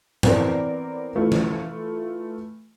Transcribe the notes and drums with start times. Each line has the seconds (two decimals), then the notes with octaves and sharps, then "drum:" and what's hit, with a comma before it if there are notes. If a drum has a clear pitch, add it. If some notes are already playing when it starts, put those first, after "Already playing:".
0.23 E3 B3 C4 A#4 D5, drum: tom G#2
1.15 E3 A3 F4
1.32 drum: tom E3